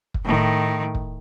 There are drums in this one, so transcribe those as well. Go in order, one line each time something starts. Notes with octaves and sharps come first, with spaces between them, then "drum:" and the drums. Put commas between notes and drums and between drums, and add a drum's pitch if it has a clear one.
drum: kick
A2 D#3
drum: kick